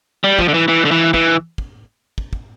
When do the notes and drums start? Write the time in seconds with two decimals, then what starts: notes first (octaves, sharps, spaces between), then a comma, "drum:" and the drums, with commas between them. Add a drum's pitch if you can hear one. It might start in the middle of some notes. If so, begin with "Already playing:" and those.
0.24 G3
0.39 F3, drum: kick
0.48 D3
0.54 E3
0.68 E3
0.85 D3
0.91 E3
1.14 E3, drum: kick
1.58 drum: kick
2.18 drum: kick
2.33 drum: kick